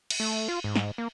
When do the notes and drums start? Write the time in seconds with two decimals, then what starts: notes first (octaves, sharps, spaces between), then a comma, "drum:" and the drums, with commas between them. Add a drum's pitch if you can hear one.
0.10 drum: cymbal
0.20 A3
0.48 F4
0.64 G#2
0.76 drum: snare
0.98 A#3